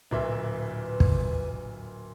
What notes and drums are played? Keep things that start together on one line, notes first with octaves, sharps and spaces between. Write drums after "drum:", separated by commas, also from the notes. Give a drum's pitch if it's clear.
D1 A#2 B4 E5
drum: kick